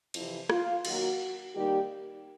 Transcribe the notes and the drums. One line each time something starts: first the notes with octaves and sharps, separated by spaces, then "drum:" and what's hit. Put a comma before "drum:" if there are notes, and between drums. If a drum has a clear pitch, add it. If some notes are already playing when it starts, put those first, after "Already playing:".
F2 C3 E3 E4, drum: cymbal
F4, drum: rim click
D#3 F#3 A#3 F#4, drum: cymbal
D#3 G3 A#3 D#4 G4